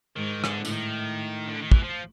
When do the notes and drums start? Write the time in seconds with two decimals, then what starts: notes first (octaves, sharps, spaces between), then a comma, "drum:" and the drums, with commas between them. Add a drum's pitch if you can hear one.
0.15 G#2 D#3
0.44 D3, drum: rim click
0.58 A2
0.65 D3, drum: tambourine
0.72 D#3
1.48 D3
1.60 D#3
1.72 E3, drum: kick
1.83 F3